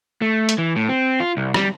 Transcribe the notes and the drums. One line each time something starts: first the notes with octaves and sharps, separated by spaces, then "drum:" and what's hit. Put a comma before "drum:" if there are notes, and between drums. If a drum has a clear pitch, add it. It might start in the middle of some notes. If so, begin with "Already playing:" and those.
A3
drum: hi-hat
E3
A2
C4
F4
C2
G3, drum: rim click